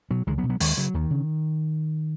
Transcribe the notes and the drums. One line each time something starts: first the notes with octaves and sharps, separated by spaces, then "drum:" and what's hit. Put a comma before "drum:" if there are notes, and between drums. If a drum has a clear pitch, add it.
B2 F#3
C#2 D#3 G#3
F#3 B3
B2
F#3 B3
D#2 D#3 G#3, drum: open hi-hat
C#3 F#3
D#2 D#3
C#3